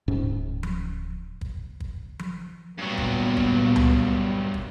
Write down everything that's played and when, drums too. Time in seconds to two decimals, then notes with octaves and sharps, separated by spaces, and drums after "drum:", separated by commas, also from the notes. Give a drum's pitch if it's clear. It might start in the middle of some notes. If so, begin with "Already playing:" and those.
0.08 D1 G#2 C#4
0.63 drum: tom F3
1.41 drum: kick
1.80 drum: kick
2.19 drum: tom F3
2.78 G2 A#2 F#3 B3
2.98 drum: kick
3.37 drum: kick
3.76 drum: tom C#2
4.54 drum: kick